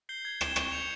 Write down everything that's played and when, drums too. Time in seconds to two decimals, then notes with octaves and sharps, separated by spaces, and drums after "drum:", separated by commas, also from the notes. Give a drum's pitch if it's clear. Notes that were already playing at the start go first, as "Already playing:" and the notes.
0.09 G6 C7 G7
0.25 G#6
0.41 E7 G7, drum: rim click
0.56 C#6, drum: rim click
0.72 G6 C#7 F7